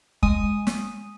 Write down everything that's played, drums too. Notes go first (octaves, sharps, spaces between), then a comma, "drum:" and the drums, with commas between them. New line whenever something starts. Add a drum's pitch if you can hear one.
G#3 G#5 D#6 D#7, drum: kick
drum: snare